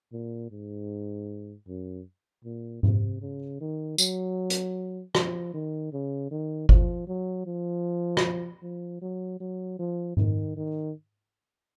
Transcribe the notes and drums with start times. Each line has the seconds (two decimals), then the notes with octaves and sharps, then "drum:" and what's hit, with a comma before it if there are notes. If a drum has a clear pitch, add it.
0.13 A#2
0.51 G#2
1.67 F#2
2.45 A#2
2.83 C3, drum: tom G#2
3.21 C#3
3.60 D#3
3.98 F#3, drum: tambourine
4.50 drum: hi-hat
5.15 F3, drum: rim click
5.54 D#3
5.93 C#3
6.31 D#3
6.69 F3, drum: kick G1
7.08 F#3
7.46 F3
8.17 drum: rim click
8.62 F3
9.01 F#3
9.40 F#3
9.79 F3
10.17 D#3, drum: tom G#2
10.56 D#3